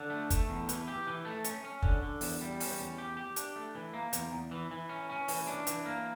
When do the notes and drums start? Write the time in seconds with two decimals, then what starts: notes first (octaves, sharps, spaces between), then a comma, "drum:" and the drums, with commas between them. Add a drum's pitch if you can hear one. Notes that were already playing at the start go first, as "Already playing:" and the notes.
Already playing: D3
0.10 A3
0.30 A3, drum: kick, hi-hat
0.49 E2
0.69 E3, drum: hi-hat
0.88 G4
1.07 E3
1.25 A3
1.44 C#4, drum: hi-hat
1.65 C#4
1.82 D3, drum: kick
2.03 D3
2.21 E2, drum: open hi-hat
2.41 G3
2.60 C#4, drum: open hi-hat
2.79 E2
2.98 G4
3.17 G4
3.36 D4, drum: hi-hat
3.56 A3
3.75 E3
3.94 A#3
4.13 E2, drum: hi-hat
4.32 E2
4.51 E3
4.71 E3
4.89 C#4
5.10 C#4
5.28 E3, drum: open hi-hat
5.47 D4
5.67 E3, drum: hi-hat
5.86 A#3